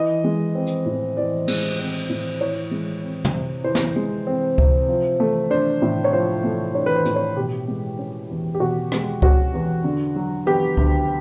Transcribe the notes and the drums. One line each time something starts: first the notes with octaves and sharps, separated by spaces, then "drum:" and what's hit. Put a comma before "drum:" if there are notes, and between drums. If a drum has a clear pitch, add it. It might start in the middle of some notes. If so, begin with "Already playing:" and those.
Already playing: E3 D#5
G#3
C4
drum: hi-hat
A2
E3 D5
G#3, drum: cymbal
C4
A2
E3 C#5
G#3
C4
drum: tom
C3
E3 C5
drum: snare
G#3
C4
C3, drum: kick C#2
F3
A3
D4 C5
A2
C#5
F3 C5
A3
D4 C#5
B4
C5
A2, drum: hi-hat
C#5
B2 G4
G#3
C#4
E2
G4
B2 F#4
G#3, drum: rim click
C#4 F#4, drum: kick C#2
E2
D3
F#3
B3 G4
D2, drum: kick C#2